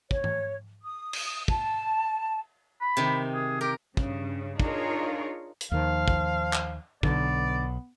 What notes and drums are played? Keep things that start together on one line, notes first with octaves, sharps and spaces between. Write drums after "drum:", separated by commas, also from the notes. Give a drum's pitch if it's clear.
C#5, drum: kick
drum: tom
D#6
drum: cymbal
A5, drum: kick
B5
C3 D#3
G#4
G4 A#4
G2 C#3, drum: kick
D4 D#4 F4 G#4 A#4 C#5, drum: kick
drum: hi-hat
D#2 D#3 F3 F5
drum: kick
drum: clap
B1 D3 B3 D5, drum: kick